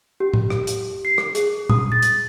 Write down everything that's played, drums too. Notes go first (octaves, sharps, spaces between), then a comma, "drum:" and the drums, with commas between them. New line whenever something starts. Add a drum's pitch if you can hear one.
G4
drum: tom
drum: rim click
drum: hi-hat
C7
drum: rim click
G#4, drum: hi-hat
D#6, drum: tom
A6
drum: hi-hat